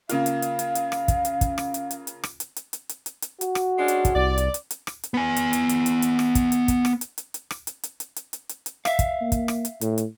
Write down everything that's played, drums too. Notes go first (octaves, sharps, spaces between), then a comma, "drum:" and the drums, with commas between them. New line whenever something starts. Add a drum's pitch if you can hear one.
C#3 A#3 F4 F5, drum: hi-hat
drum: hi-hat
drum: hi-hat
drum: hi-hat
drum: hi-hat
drum: rim click
drum: kick, hi-hat
drum: hi-hat
drum: kick, hi-hat
drum: rim click
drum: hi-hat
drum: hi-hat
drum: hi-hat
drum: rim click
drum: hi-hat
drum: hi-hat
drum: hi-hat
drum: hi-hat
drum: hi-hat
drum: hi-hat
F#4, drum: hi-hat
drum: rim click
G#3 C#4 D4
drum: hi-hat
drum: kick, hi-hat
C2 D5
drum: hi-hat
drum: hi-hat
drum: hi-hat
drum: rim click
drum: hi-hat
B3 G#5
drum: hi-hat
drum: hi-hat
drum: hi-hat
drum: hi-hat
drum: hi-hat
drum: rim click
drum: kick, hi-hat
drum: hi-hat
drum: kick, hi-hat
drum: rim click
drum: hi-hat
drum: hi-hat
drum: hi-hat
drum: rim click
drum: hi-hat
drum: hi-hat
drum: hi-hat
drum: hi-hat
drum: hi-hat
drum: hi-hat
drum: hi-hat
E5 F5, drum: rim click
drum: kick, hi-hat
A#3
drum: kick, hi-hat
drum: rim click
drum: hi-hat
A2, drum: hi-hat
drum: hi-hat